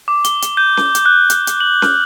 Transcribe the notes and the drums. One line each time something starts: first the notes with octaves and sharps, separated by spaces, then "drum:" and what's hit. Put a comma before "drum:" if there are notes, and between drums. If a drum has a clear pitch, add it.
D6
G7, drum: hi-hat
drum: hi-hat
G6
drum: snare C#4
drum: hi-hat
F#6
drum: hi-hat
drum: hi-hat
F#7
F6, drum: snare C#4